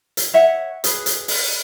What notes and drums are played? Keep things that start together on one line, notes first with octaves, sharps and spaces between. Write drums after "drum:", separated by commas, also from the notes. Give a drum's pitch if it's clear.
drum: hi-hat
C#5 E5 F#5
G#4 B4, drum: hi-hat
drum: hi-hat
drum: open hi-hat